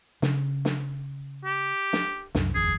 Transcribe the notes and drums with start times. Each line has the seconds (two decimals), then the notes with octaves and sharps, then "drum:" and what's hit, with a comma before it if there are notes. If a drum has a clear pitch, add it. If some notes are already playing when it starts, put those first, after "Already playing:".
0.22 C#3, drum: snare
0.65 drum: snare
1.45 G4
1.93 drum: snare
2.35 C2 F#2, drum: snare
2.55 D#1 G#1 F2 G#4